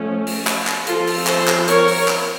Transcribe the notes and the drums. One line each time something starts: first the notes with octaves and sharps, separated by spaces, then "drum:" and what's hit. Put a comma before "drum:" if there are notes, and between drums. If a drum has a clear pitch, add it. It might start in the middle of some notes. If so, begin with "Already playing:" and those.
Already playing: F3 A3 C#4
drum: open hi-hat
drum: clap
drum: clap
F3 C4 F4 A4, drum: hi-hat
drum: open hi-hat
A4 C5, drum: clap
drum: clap
A#4 C#5, drum: hi-hat
drum: open hi-hat
drum: clap